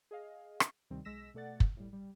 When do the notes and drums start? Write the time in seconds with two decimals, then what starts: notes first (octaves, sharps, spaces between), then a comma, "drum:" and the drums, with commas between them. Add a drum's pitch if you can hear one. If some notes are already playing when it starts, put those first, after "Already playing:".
0.11 G#4 D#5 F5
0.60 drum: rim click
0.90 D2 C3 D#3 G3 C4
1.05 B1 G#3 E6 A#6 B6 E7
1.34 B2 A3 A4 D5 F#5 A6
1.60 drum: kick
1.77 A2 G3
1.93 G3